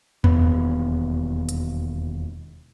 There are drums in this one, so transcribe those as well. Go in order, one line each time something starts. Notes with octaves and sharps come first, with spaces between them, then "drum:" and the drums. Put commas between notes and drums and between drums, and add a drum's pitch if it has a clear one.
E1 D#2 B3, drum: tom E2
drum: hi-hat